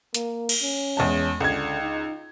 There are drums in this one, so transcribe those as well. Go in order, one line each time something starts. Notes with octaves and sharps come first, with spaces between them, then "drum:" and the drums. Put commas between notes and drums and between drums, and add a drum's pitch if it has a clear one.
A#3, drum: hi-hat
drum: cymbal
C#4
E2 G#3 A5
C#2 D3 G#6
D#4